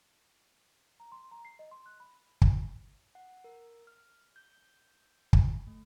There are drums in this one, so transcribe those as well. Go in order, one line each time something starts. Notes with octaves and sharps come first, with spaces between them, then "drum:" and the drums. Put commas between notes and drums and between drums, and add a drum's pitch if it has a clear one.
A#5
C6
A#5
C7
D#5
C6
F#6
B5
drum: kick
F#5
A#4
F6
G6
drum: kick
A3